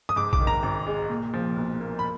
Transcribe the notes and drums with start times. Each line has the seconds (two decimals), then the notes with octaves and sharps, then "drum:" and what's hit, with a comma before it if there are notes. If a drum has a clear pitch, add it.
0.09 D#6
0.16 G#2 D6
0.33 D6, drum: kick A#1
0.40 D#3
0.47 A#5
0.63 G#1
0.87 G#3
1.09 A#2
1.34 F3
1.57 B1
1.80 A#3
1.99 B5